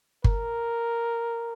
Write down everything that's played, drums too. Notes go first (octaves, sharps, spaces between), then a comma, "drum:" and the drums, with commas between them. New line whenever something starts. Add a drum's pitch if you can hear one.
A#4, drum: kick G1